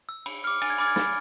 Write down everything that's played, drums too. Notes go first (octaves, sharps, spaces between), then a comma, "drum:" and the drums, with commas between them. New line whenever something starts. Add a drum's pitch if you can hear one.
E6
B5, drum: cymbal
D6 F6
G#5 A6, drum: cymbal
G#6
B5 D6 F6 A6
G#6
B5 A6, drum: snare